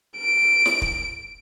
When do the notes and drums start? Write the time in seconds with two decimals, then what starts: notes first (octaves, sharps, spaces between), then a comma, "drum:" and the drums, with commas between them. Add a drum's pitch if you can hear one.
0.17 D7
0.66 drum: snare
0.82 drum: kick